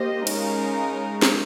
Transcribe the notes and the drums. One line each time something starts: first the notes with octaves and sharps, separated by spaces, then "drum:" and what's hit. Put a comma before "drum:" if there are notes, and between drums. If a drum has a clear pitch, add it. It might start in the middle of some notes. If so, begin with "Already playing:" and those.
Already playing: A#3 G4 C5 D#5
C#3 G#3 D#4 A#4, drum: cymbal
drum: snare